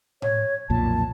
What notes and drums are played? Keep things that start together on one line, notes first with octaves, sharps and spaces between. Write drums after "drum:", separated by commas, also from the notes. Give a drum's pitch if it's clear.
C#5, drum: tom A2
B1 F2 A#2 A5